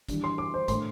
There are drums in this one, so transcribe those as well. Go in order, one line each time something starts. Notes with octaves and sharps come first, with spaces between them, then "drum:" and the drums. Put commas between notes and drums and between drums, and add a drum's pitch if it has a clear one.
E3 G3 D4, drum: kick G1, hi-hat
C6
D6
C5
A2 A3 D4 C6, drum: kick G1, hi-hat